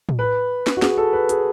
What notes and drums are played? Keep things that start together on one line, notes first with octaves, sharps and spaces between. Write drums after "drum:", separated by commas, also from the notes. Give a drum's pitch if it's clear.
drum: tom
B4
drum: snare
F#4
G#4, drum: snare
A4
B4
G#4, drum: hi-hat